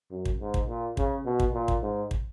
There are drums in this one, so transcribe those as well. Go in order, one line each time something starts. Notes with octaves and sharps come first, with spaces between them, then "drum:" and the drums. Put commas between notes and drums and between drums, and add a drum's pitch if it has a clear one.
F#2
drum: kick
G#2
drum: kick
A#2
C#3, drum: kick
B2
drum: kick
A#2
drum: kick
G#2
drum: kick